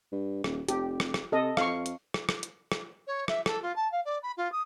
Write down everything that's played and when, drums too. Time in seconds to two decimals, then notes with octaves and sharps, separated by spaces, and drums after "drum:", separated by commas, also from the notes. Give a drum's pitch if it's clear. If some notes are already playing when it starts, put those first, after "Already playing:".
0.12 G2
0.44 D#1, drum: rim click
0.69 F1 G4, drum: hi-hat
1.00 drum: rim click
1.14 drum: rim click
1.32 C3 A4 D#5
1.57 F2 F5 C#6, drum: rim click
1.86 drum: hi-hat
2.14 drum: rim click
2.29 drum: rim click
2.43 drum: hi-hat
2.72 drum: rim click
3.07 C#5
3.28 E5, drum: rim click
3.46 A4, drum: rim click
3.62 F4
3.76 A5
3.92 F5
4.05 D5
4.23 B5
4.37 F4
4.52 D#6